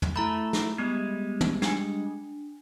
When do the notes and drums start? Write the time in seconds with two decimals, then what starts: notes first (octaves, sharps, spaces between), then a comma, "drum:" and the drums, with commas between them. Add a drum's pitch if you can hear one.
0.02 drum: tom
0.16 A3 E4 A#5 B5
0.53 drum: snare
0.78 G3 G#3 B3
1.41 drum: tom
1.62 D4 G#5, drum: snare